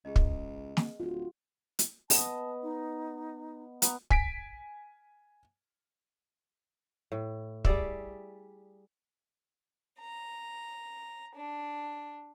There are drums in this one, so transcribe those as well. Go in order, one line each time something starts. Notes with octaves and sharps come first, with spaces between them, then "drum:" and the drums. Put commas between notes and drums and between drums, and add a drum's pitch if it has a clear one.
C#2 G#4 D#5
drum: kick
drum: snare
D1 F4 F#4
drum: hi-hat
B3 D#5 A5, drum: open hi-hat
D#4
B3 A#5, drum: hi-hat
G#5 B6 D7, drum: kick
A2
G3 G#4 D5 E5, drum: kick
A#5
D4